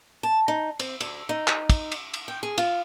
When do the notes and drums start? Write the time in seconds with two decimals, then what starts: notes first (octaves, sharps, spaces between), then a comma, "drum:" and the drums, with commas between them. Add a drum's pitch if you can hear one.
0.23 A5
0.48 D#4
0.79 C4, drum: cymbal
1.00 D2, drum: cymbal
1.29 D#4
1.48 drum: clap
1.70 drum: kick, cymbal
1.92 drum: cymbal
2.14 drum: cymbal
2.28 G5
2.43 G#4
2.58 F4, drum: cymbal